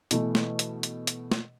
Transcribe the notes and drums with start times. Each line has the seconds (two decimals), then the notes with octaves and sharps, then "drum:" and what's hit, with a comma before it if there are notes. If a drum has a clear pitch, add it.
0.11 B2 E3 A3, drum: hi-hat
0.35 drum: snare
0.59 drum: hi-hat
0.83 drum: hi-hat
1.07 drum: hi-hat
1.31 drum: snare